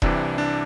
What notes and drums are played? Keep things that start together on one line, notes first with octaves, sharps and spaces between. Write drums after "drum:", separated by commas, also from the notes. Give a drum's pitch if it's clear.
C2 C3 E3 D4, drum: kick E1
D4